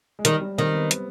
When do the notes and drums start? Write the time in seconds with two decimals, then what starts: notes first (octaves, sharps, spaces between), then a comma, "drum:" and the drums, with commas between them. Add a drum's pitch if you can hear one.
0.19 G#3
0.25 D#3 G3, drum: hi-hat
0.41 G3
0.58 D#3 C4
0.74 B3
0.91 drum: hi-hat